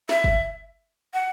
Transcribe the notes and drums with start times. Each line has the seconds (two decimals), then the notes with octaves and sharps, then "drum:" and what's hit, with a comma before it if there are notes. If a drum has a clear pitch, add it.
0.09 E5, drum: snare
0.24 drum: kick
1.14 F#5